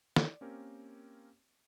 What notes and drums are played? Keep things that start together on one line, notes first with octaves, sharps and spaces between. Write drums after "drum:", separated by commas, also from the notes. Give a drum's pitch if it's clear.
D5, drum: snare
A#3 C4 C#4 G4 A#4